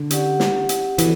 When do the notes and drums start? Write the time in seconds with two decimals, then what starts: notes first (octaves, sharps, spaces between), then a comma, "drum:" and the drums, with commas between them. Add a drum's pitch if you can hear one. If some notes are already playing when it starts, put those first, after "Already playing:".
Already playing: D3
0.10 C#4 G4 D5 F#5, drum: hi-hat
0.40 drum: snare
0.69 drum: hi-hat
0.98 E3 B3 F#4 A4, drum: hi-hat